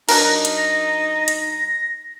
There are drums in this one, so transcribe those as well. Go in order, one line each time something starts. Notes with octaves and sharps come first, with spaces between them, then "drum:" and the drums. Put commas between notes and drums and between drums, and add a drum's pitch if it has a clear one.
F#3 D4 D#4 A#4 A#6, drum: cymbal
drum: hi-hat
drum: hi-hat